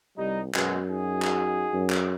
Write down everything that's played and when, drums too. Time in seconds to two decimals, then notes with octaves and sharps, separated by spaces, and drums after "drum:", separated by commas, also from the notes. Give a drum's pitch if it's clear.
0.18 C2 G3 D#4
0.55 F#2 B2 G#3, drum: clap
0.90 D#4 F#4 G#4
1.22 drum: clap
1.73 F#2
1.90 drum: clap